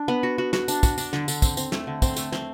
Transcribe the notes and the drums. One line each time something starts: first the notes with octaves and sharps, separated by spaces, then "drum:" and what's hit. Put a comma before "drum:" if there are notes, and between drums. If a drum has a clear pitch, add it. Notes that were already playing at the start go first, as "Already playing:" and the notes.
Already playing: D4
B3
F#4
F#4
F#4, drum: snare
D4, drum: tambourine
F#4, drum: kick, tambourine
D4, drum: tambourine
D3, drum: snare
D3, drum: tambourine
C4, drum: kick, tambourine
C4, drum: tambourine
A3, drum: snare
D3
C4, drum: kick, tambourine
A3, drum: tambourine
C4, drum: snare